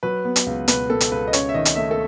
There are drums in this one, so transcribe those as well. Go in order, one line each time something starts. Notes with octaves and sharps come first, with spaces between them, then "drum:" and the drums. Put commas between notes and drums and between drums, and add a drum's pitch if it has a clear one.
F#3 B4
B3
drum: hi-hat
C#2
B2 B4, drum: hi-hat
B2 A4
drum: hi-hat
C#2 B4
D#5
C#4 C#5, drum: hi-hat
E5
D#3 D#5
drum: hi-hat
A3 E5
A4